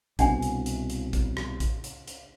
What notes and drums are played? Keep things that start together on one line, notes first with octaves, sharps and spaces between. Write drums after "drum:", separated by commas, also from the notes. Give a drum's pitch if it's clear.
C2 B2 D4 F#5 G#5, drum: kick, hi-hat
drum: hi-hat
drum: hi-hat
drum: hi-hat
drum: kick, hi-hat
drum: rim click
drum: kick, hi-hat
drum: hi-hat
drum: hi-hat